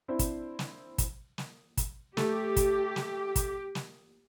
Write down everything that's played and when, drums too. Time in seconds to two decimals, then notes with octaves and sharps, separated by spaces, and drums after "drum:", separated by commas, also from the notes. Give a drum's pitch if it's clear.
0.08 C4 D4 E4 C5
0.19 drum: kick, hi-hat
0.59 drum: snare
0.98 drum: kick, hi-hat
1.38 drum: snare
1.77 drum: kick, hi-hat
2.17 A3 G4, drum: snare
2.57 drum: kick, hi-hat
2.96 drum: snare
3.36 drum: kick, hi-hat
3.75 drum: snare